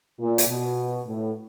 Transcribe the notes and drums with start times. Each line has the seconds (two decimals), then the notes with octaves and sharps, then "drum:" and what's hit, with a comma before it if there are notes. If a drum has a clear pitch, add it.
0.20 A#2
0.38 drum: hi-hat
0.48 B2
1.06 A2